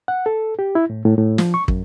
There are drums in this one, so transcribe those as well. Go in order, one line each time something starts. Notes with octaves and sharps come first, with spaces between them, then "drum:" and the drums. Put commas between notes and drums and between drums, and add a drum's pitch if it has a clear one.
F#5
A4
G4
E4
A2
A2
A2
F3, drum: snare
C#6
F#2, drum: kick